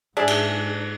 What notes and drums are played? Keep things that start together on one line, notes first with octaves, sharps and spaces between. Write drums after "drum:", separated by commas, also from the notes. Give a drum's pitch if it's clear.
G#2 D4 G#4 D5 E5
drum: cymbal